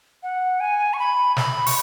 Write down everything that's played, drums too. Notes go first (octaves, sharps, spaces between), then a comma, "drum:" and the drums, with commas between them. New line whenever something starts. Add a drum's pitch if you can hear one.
F#5
G#5
C#6
B5
B5, drum: snare
C#6, drum: open hi-hat